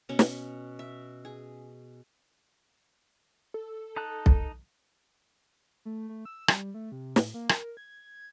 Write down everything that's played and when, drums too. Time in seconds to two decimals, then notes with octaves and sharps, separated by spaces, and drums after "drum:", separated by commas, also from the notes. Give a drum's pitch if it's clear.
0.09 B2 C#4
0.19 drum: snare
0.79 E5
1.25 G#4
3.54 A4
3.96 D#4 A5 F#6
4.26 drum: kick B1
5.85 A3
6.09 A3
6.25 E6
6.48 G3, drum: rim click
6.74 A3
6.92 C3
7.16 A2, drum: snare
7.34 A#3
7.49 A#4, drum: rim click
7.77 G#6